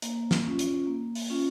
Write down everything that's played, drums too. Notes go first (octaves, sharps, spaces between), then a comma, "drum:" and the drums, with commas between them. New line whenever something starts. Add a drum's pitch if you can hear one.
A#3, drum: hi-hat
drum: snare
C#4 F4
drum: hi-hat
A#3
drum: open hi-hat
C#4 F4